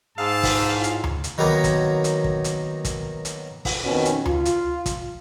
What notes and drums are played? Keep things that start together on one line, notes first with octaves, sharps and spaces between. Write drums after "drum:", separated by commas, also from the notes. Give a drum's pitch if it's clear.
G#2 F5 A5 D#6 E6
drum: kick, open hi-hat
A2 F4
drum: hi-hat
drum: tom D2
drum: hi-hat
D#3 F#3 A#3 B3
drum: kick, hi-hat
drum: hi-hat
drum: kick
drum: hi-hat
drum: kick, hi-hat
drum: hi-hat
drum: kick, open hi-hat
F2 B2 D#3 C#4
drum: hi-hat
F4, drum: tom D2
drum: hi-hat
drum: kick, hi-hat